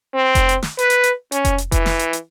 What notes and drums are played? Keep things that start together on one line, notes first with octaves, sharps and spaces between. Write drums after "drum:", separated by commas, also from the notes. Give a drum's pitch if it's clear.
C4
drum: kick F1, hi-hat
drum: hi-hat
drum: snare
B4, drum: hi-hat
drum: hi-hat
drum: hi-hat
C#4, drum: hi-hat
drum: kick F1, hi-hat
drum: hi-hat
E3, drum: kick F1, hi-hat
drum: snare
drum: hi-hat
drum: hi-hat